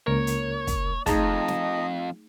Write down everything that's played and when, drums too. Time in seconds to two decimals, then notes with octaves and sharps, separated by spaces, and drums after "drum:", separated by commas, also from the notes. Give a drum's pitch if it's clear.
0.07 C#2 A#3 A#4 C#5
0.27 drum: hi-hat
0.67 drum: kick, hi-hat
1.06 F2 A3 D#4 G#4 D#5 A5 A#5, drum: kick, hi-hat
1.48 drum: snare